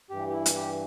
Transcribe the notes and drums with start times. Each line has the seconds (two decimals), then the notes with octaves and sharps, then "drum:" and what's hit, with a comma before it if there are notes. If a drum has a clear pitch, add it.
0.10 G2 E3 G4
0.28 G4
0.32 E4
0.46 drum: hi-hat
0.55 G4